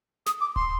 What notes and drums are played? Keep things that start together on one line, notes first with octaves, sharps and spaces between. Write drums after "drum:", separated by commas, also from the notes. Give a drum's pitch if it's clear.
D#6, drum: snare
D6
C6, drum: kick D1